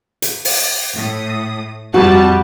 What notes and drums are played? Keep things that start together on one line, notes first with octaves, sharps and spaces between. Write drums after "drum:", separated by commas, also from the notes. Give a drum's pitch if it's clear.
drum: hi-hat
drum: open hi-hat
A2 D#6
F2 G3 F#4 A5